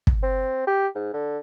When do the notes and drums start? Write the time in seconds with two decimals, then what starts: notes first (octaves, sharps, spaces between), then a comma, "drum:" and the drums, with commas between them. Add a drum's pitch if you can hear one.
0.07 drum: kick
0.23 C4
0.67 G4
0.95 G#2
1.13 D3